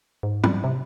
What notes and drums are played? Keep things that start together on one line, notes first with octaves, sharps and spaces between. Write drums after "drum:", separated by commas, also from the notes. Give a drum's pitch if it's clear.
G#2
G3, drum: tom
C3